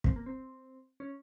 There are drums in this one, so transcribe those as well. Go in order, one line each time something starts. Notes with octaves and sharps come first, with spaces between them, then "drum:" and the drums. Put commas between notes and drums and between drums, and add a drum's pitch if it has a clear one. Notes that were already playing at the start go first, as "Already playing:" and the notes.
C4, drum: kick
A#3
C4
C#4